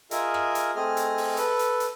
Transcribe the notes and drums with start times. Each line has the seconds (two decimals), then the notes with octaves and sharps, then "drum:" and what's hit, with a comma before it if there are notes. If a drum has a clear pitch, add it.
0.11 F4 G#4 A#4 D#5 E5, drum: hi-hat
0.34 drum: rim click
0.55 drum: hi-hat
0.76 A3 C4 G#4 D#5 F6
0.97 drum: hi-hat
1.18 drum: open hi-hat
1.37 A4 B4, drum: hi-hat
1.59 drum: hi-hat
1.80 drum: hi-hat